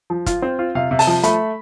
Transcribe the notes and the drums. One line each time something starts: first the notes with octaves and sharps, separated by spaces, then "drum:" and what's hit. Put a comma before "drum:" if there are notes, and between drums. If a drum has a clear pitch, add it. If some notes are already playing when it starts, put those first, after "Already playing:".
F3
F4, drum: kick, hi-hat
C4
F4
C3 F5
C3
A5, drum: open hi-hat
F3
A3 B5, drum: hi-hat